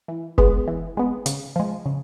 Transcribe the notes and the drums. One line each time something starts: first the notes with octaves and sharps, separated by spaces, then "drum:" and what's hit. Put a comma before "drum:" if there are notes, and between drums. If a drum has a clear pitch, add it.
E3
G#3 B3, drum: kick F1
E3
G#3 B3
C#3, drum: hi-hat
F3 G#3
C#3